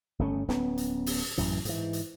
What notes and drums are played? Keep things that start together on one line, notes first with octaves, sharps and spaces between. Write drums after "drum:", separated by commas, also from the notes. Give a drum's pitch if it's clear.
G1 A3 C#4
D1 B3 C#4, drum: snare
drum: hi-hat
drum: open hi-hat
A1 F#2 E3, drum: hi-hat
G#2 E3, drum: hi-hat
drum: hi-hat